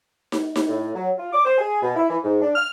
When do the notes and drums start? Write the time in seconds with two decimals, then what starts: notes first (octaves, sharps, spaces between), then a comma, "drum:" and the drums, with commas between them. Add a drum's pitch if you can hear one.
0.32 drum: snare D#4
0.56 drum: snare D#4
0.68 A2
0.95 F#3
1.18 F4
1.33 D6
1.45 C5
1.58 G#4
1.82 B2
1.96 E4
2.09 E3
2.24 G#2
2.42 D4
2.55 F6